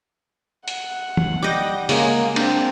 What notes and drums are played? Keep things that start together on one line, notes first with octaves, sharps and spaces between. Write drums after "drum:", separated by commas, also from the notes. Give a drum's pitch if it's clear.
F#5, drum: hi-hat
drum: tom E3
G3 D#5 D6 G6 A#6
C#3 G#3 A#3 G#4, drum: open hi-hat
C4 D4, drum: cymbal